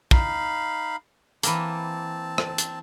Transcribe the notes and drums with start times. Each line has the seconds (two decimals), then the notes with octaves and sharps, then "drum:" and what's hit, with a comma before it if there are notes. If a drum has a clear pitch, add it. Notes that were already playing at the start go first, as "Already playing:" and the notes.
0.11 D#4 F5 B5, drum: kick
1.43 E3 A#3 C4 A5, drum: hi-hat
2.38 drum: rim click
2.58 drum: hi-hat